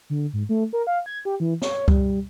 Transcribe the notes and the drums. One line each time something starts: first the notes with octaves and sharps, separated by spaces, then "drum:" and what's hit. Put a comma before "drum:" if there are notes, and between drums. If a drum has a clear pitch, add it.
D3
G#2
A3
A#4
F5
G#6
G4
E3
C#5, drum: snare
G3, drum: kick C#2